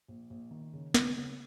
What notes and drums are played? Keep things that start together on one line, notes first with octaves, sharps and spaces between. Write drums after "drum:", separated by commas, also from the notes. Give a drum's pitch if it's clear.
A#1
A#1
D#3
C#3
C#3, drum: snare
C#3